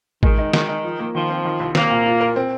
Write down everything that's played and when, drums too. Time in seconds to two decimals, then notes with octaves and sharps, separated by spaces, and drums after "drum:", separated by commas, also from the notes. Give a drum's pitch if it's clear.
0.23 D#3 G#3, drum: kick A1
0.38 D#4
0.53 D#3 G#3, drum: snare
0.69 D#4
0.84 F3
0.99 A#3
1.15 D#3 F3
1.30 C4
1.45 D#3
1.60 C2
1.75 A#3 C4, drum: snare
1.90 A#2
2.06 F4
2.21 A#4
2.36 C4